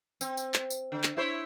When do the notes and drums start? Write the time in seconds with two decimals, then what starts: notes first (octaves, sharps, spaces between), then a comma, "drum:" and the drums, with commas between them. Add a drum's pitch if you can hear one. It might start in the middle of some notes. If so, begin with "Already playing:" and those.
0.21 C4, drum: tambourine
0.37 drum: tambourine
0.54 drum: clap
0.70 drum: tambourine
0.92 D3
1.03 drum: clap
1.17 E4 C5 C#5